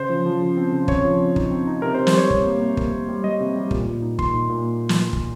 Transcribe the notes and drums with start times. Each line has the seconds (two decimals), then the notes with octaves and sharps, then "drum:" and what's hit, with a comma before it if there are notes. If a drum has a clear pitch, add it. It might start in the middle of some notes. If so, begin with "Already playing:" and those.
Already playing: C#3 C5
0.10 F3
0.26 F3
0.41 C#3
0.57 C4
0.72 C#3
0.88 C4 C#5, drum: kick
1.04 F3
1.19 C4
1.36 D#4, drum: kick
1.51 C4
1.67 D#4
1.82 C3 A#4
1.94 C5
1.99 C3
2.07 C5, drum: snare
2.13 G3 C#5
2.30 C3, drum: kick
2.46 A#3
2.61 C3
2.77 A#3, drum: kick
2.92 A#3
3.08 G3
3.24 G3 D#5
3.40 C3
3.56 G3
3.71 A#2, drum: kick
3.86 A#2
4.02 D#4
4.19 A#2 C6, drum: kick
4.34 D#4
4.50 A#2
4.89 drum: snare
5.13 drum: kick